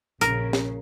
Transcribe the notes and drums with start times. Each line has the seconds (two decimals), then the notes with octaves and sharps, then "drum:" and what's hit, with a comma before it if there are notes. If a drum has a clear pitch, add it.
0.21 A#1 C#3 A#4, drum: hi-hat
0.53 drum: snare